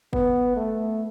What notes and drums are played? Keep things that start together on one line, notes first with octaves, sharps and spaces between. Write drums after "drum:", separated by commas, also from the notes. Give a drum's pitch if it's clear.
B3, drum: kick
A3